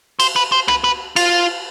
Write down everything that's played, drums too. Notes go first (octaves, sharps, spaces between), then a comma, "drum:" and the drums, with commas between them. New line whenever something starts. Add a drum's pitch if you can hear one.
C5, drum: cymbal
B4
C5
B4, drum: rim click
B4
F4, drum: cymbal